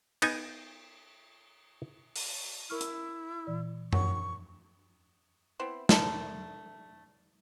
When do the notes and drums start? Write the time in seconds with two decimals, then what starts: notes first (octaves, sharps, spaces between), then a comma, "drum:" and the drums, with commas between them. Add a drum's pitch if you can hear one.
0.22 B3 D#4 G#5, drum: cymbal
2.16 drum: open hi-hat
2.70 E4 A#4 C#6 F6
2.81 drum: hi-hat
3.47 A#2 E3 D5
3.93 A#4 C#5 F#5 C#6, drum: tom F#2
5.59 B3 C4 E4
5.89 D3 A3 A#4 A5, drum: snare